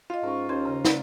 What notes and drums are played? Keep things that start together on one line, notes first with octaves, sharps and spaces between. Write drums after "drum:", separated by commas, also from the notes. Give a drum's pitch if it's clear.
F4 D#5 F5
G#2 C#4 A#4 C#6
D#2 C#4 C5 G#6
C#3 A#5
A3 D5 F#5, drum: snare